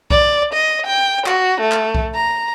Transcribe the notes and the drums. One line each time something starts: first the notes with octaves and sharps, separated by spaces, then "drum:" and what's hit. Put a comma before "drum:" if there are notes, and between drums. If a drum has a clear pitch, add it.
D5, drum: kick B1
D#5
G5
F#4, drum: clap
A3
drum: clap
drum: kick B1
A#5